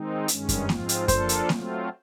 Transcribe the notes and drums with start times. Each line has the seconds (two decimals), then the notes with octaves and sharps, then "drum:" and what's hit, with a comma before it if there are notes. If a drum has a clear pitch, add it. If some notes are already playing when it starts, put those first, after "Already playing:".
Already playing: D#3 G#3 C4 D#4
0.28 G2 D#3 G#3 C#4, drum: hi-hat
0.49 drum: kick F#2, hi-hat
0.69 G#2 F3 G#3 C4 F4, drum: snare A#3
0.89 drum: hi-hat
1.08 F3 A#3 D4 F4 A4 C5, drum: kick F#2, hi-hat
1.29 drum: hi-hat
1.49 F#3 A3 C4 F4, drum: snare A#3